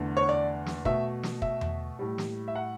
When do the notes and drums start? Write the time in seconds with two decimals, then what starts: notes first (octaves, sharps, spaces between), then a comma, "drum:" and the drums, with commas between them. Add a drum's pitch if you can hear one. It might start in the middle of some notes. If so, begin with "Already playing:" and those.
Already playing: E2 D3 A3
0.17 C#5
0.29 D5
0.66 drum: snare
0.85 B2 A3 E5, drum: kick
1.23 drum: snare
1.42 E5, drum: kick
1.61 drum: tom E2
1.99 A2 G3
2.18 drum: snare
2.48 E5
2.55 F#5